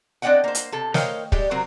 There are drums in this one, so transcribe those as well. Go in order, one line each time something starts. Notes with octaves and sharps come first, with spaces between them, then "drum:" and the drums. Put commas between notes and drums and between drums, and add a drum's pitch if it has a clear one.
C4 D4 D5 D#5 F#5 G5
A#3 C5
drum: hi-hat
C3 A4
A#4 C5 C#5 D#5 F5 G5, drum: snare
G3 G#3 G4, drum: kick
C3 F#3 C4 A#4